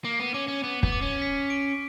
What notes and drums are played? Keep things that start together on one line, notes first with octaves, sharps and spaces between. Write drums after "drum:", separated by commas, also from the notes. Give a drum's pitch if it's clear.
A#3 D6
B3
C#4 D6
C#4
B3 D6
B3, drum: kick
D6
C#4
B6
D7